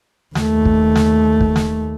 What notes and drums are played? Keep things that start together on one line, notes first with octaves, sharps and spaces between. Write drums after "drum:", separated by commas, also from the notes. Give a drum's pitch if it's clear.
D#2 A3, drum: snare
drum: kick
drum: snare
drum: kick
drum: snare